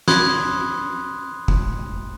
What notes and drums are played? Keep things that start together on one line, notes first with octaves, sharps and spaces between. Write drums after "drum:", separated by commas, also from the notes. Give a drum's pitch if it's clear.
B5 C6 D#6 F#6 G#6, drum: snare
drum: kick